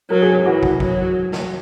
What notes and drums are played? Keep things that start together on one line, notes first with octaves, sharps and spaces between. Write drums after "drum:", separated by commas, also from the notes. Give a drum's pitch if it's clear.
F#3 A#4
G#4
G#4
E3 F#4
drum: kick
F#3, drum: kick
drum: snare